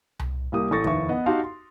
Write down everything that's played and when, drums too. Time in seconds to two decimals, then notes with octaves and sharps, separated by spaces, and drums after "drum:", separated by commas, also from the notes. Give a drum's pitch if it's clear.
0.19 drum: tom C2
0.52 C2 A#3 G4 D#6
0.71 A1 A4 C#6 A6 A#6
0.84 F1 D#2 E4 B4 E5 C#6, drum: kick
1.09 B3 D#5 F#5
1.26 D#4 F#4 G4 F5 A5 C6
1.44 C6